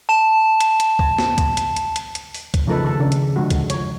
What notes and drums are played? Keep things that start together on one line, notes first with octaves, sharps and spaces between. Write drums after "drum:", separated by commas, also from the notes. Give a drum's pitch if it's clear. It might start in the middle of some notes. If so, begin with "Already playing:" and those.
A5 E7
drum: hi-hat
drum: hi-hat
drum: kick C#2
drum: snare
drum: kick C#2, hi-hat
drum: hi-hat
drum: hi-hat
drum: hi-hat
drum: hi-hat
drum: open hi-hat
drum: kick C#2, hi-hat
C#3 F3 A3 D#4 A4 B4
D#3 A4
C#3 D4
drum: hi-hat
D3 F3 G#3 F#4
drum: kick C#2, hi-hat
F3 C#5, drum: hi-hat